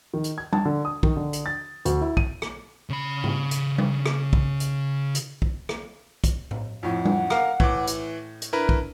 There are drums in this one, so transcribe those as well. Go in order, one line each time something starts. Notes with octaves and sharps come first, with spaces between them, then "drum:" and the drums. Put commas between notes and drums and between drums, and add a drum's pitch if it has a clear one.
D#3
drum: hi-hat
G#6
A5, drum: tom G3
D3
D#6
D#3, drum: kick
D3
drum: hi-hat
A6
D2, drum: hi-hat
E4
D#7, drum: kick
drum: rim click
C#3 B5
drum: tom G#2
drum: hi-hat
drum: tom G3
drum: rim click
drum: kick
drum: hi-hat
drum: hi-hat
drum: kick
drum: rim click
drum: kick, hi-hat
drum: tom A2
F2 A2 F#5
drum: tom G3
A#4 F5, drum: rim click
A2 E3 D6, drum: kick
drum: hi-hat
drum: hi-hat
D4 E4 A#4 B4
drum: kick